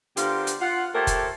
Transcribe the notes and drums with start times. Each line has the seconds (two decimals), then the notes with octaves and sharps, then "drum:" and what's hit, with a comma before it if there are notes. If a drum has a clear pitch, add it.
0.17 D3 B3 F4 G4 A#4 C5, drum: hi-hat
0.47 drum: hi-hat
0.61 F4 F#5
0.95 A3 G4 A4 A#4 C5 C#5
1.07 drum: kick, hi-hat